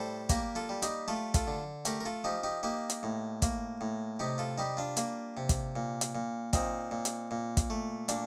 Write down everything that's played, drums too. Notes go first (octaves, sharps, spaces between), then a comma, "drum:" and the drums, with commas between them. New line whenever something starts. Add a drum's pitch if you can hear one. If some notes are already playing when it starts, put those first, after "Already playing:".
Already playing: A2 G3 A4 C5
A#3 G4 A#4, drum: kick, hi-hat
F4 A4
G3
D#4 G4, drum: hi-hat
A3 F4 A4
F4 A4, drum: kick, hi-hat
D3
A3 G4 A#4, drum: hi-hat
A#4
F4 A4
F3 D#4 G4
D#4 G4
A#3 D#4 G4
drum: hi-hat
A2
A#3, drum: kick, hi-hat
A2
C3 D#4 G4
F4 A4
G3 D#4 G4
D4 F4
A#3, drum: hi-hat
C3
drum: kick, hi-hat
A#2
drum: hi-hat
A#2
A#2 C4 D#4, drum: kick, hi-hat
A#2
drum: hi-hat
A#2
drum: kick, hi-hat
A3
A#2 D4, drum: hi-hat